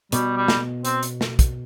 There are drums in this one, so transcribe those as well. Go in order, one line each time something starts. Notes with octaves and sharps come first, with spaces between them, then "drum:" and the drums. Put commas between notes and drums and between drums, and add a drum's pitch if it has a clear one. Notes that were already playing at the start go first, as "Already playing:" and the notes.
B2 G3, drum: hi-hat
G3
drum: snare
C4, drum: hi-hat
drum: hi-hat
drum: snare
drum: kick, hi-hat